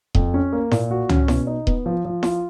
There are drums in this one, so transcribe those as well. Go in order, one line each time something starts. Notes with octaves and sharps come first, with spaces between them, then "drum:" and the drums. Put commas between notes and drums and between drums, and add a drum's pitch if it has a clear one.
F2, drum: kick D#1
C#4
A#3
A#2, drum: snare E4
F#4
C#4, drum: tom
B2, drum: snare E4
D#4
B3, drum: kick D#1
F3
F3
F4, drum: snare E4